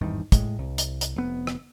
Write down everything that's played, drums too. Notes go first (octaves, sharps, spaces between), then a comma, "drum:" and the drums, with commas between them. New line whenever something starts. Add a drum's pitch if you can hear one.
G#1 E2 G2 D#3
A2 G#3, drum: kick, hi-hat
C2
drum: hi-hat
drum: hi-hat
F1 B3
drum: rim click